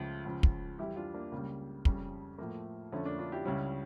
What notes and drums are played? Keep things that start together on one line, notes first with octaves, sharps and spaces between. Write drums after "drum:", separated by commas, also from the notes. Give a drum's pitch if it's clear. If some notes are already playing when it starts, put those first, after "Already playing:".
Already playing: C#2 C#3 F3 A3
C#2 C#3 F3
drum: kick
F2 E3 G3 E4 G4
D4 F4
A#3 D4
C#2 C#3 G3 A#3
F2 C#3 G3, drum: kick
A2 F3 A3 A#3
F2 D3 F3 A3 C#4
A#3 D4
D4 F4
E4 G4
C#2 C#3 G3 C#4 E4